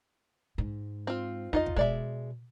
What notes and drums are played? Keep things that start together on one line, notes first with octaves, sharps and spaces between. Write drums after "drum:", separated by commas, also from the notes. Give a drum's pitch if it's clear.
G#2
C4 F4
E2 D#4 F4 D#5
drum: kick
B2 G#3 D5 E5